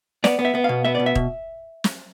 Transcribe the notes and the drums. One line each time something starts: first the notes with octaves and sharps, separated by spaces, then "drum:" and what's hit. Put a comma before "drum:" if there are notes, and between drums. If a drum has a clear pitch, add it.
B3 D5, drum: snare
B3
E5
B3
B2 F5
B3 E5
B2 D5
E5
B2, drum: kick D#1
drum: snare